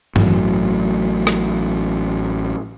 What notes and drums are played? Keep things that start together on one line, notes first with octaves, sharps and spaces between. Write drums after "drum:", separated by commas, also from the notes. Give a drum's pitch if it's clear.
A1 A2 F#3, drum: tom G2
drum: rim click